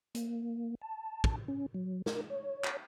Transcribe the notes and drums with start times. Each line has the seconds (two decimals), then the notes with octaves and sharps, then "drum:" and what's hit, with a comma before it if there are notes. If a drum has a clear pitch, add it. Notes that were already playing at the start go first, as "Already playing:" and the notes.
0.15 A#3, drum: hi-hat
0.82 A5
1.24 drum: kick
1.48 C#4
1.74 F#3
2.06 A#4, drum: snare
2.30 C#5
2.64 drum: clap